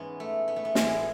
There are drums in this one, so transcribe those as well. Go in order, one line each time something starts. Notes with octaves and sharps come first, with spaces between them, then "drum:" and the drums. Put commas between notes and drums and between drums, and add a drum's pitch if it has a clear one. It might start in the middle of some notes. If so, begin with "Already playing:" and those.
Already playing: G#2 E3 G#3 B3 C#4
A3
B3
A3
B3
A2 E3 G#3 G#4, drum: snare